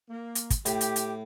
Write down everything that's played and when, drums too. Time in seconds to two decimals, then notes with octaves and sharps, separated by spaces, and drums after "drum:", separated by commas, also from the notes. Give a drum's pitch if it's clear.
0.10 A#3
0.35 drum: hi-hat
0.50 drum: kick, hi-hat
0.66 A2 G4, drum: hi-hat
0.81 drum: hi-hat
0.96 drum: hi-hat